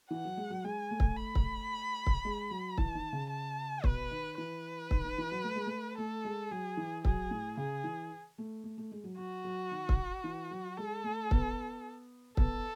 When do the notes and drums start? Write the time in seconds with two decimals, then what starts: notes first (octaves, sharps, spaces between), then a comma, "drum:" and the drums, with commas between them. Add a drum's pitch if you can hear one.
0.11 E3 F#5
0.25 F#3
0.37 G#3
0.50 F#3
0.64 G#3 G#5
0.91 A3
1.00 drum: kick
1.17 B5
1.35 drum: kick
2.07 drum: kick
2.25 G#3
2.51 F#3
2.78 E3 A5, drum: kick
2.95 D#3
3.13 C#3
3.31 A5
3.84 B2 B4, drum: kick
4.11 D#3
4.37 E3 B4
4.91 D#3, drum: kick
5.05 D#3
5.18 E3
5.31 F#3
5.44 A3
5.56 G#3
5.66 A3
5.98 A3 A4
6.25 G#3
6.51 F#3 G#4
6.77 E3
7.05 F#3 G#4, drum: kick
7.31 A2
7.57 C#3 G#4
7.84 E3
8.38 A3
8.64 A3
8.78 A3
8.92 G#3
9.04 F#3
9.18 F#3 F#4
9.44 F#3
9.71 D#3
9.89 drum: kick
10.24 E3
10.51 F#3
10.77 G#3 A4
11.04 A3
11.31 B3, drum: kick
12.37 B3 A4, drum: kick